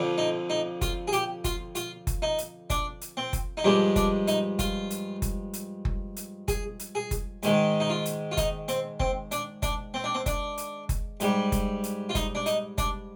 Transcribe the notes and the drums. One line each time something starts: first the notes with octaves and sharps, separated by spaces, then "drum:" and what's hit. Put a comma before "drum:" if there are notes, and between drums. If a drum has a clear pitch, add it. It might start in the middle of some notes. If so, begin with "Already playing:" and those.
Already playing: F2 D3 F3
D#4
D#4
F4, drum: kick F#1, hi-hat
G#4
G4, drum: hi-hat
F4, drum: kick F#1, hi-hat
F4, drum: hi-hat
drum: kick F#1, hi-hat
D#4
drum: hi-hat
D4, drum: kick F#1, hi-hat
drum: hi-hat
C4
drum: kick F#1, hi-hat
D#4
G2 F3 G#3 D4
D4, drum: kick F#1, hi-hat
D#4, drum: hi-hat
F4, drum: kick F#1, hi-hat
drum: hi-hat
drum: kick F#1, hi-hat
drum: hi-hat
drum: kick F#1
drum: hi-hat
G#4, drum: kick F#1, hi-hat
drum: hi-hat
G#4
drum: kick F#1, hi-hat
G#2 D#3 G#3, drum: hi-hat
D#4
F4
drum: hi-hat
F4
D#4, drum: kick F#1, hi-hat
C4, drum: hi-hat
C4, drum: kick F#1
D4, drum: hi-hat
D4, drum: kick F#1, hi-hat
C4
D4
C4
D4, drum: kick F#1, hi-hat
drum: hi-hat
drum: kick F#1, hi-hat
G#2 G3, drum: hi-hat
drum: kick F#1, hi-hat
drum: hi-hat
F4
D#4, drum: kick F#1, hi-hat
D4
D#4, drum: hi-hat
D4, drum: kick F#1, hi-hat